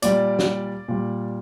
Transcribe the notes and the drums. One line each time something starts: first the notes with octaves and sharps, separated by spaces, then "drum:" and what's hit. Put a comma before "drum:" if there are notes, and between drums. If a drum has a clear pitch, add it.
A#2 G3 D5, drum: hi-hat
drum: snare
A#2 G3